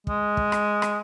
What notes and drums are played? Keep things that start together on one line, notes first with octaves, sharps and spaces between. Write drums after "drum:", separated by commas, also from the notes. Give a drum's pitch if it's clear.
G#3, drum: kick
drum: kick
drum: rim click
drum: rim click